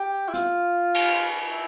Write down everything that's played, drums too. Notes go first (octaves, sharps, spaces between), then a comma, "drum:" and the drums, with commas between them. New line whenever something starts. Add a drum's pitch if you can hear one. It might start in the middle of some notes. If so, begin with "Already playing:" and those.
Already playing: G4
E4
F4, drum: hi-hat
drum: cymbal
E4